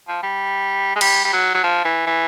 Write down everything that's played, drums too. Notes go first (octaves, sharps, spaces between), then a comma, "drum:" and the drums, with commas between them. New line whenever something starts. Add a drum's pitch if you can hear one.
F3
G3
G#3
G3, drum: cymbal
G3
F#3
F#3
F3
E3
E3